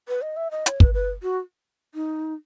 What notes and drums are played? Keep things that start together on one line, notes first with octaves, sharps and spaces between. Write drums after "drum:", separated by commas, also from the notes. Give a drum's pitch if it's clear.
B4
D#5
E5
D#5
C#5, drum: hi-hat
B4, drum: kick
B4
F#4
D#4